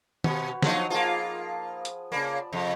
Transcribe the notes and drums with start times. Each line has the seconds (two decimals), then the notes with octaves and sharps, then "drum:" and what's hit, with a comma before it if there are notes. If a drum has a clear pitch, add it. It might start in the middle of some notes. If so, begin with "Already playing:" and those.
0.24 B2 F#4 B4, drum: tom
0.62 F3 F#3 D#4, drum: snare
0.90 F3 A#3 F4 G#4
1.85 drum: hi-hat
2.12 C#3 A#3 D5 A5 B5
2.53 F2 C3